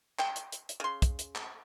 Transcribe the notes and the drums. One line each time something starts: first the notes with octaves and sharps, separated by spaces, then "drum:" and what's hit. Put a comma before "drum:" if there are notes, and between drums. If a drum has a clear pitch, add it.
G5, drum: clap
drum: hi-hat
drum: hi-hat
drum: hi-hat
C#3 C6
drum: kick, hi-hat
drum: hi-hat
drum: clap